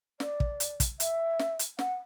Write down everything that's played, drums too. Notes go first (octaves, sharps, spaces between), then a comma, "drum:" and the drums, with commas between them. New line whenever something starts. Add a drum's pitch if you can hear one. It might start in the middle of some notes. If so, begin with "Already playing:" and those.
D5, drum: snare
drum: kick
drum: hi-hat
drum: kick, hi-hat
E5, drum: hi-hat
drum: snare
drum: hi-hat
F#5, drum: snare